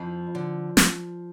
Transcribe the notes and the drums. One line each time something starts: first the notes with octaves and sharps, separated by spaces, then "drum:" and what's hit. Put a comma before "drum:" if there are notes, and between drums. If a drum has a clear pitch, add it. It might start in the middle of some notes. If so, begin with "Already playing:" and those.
Already playing: F2 F3
D3
drum: snare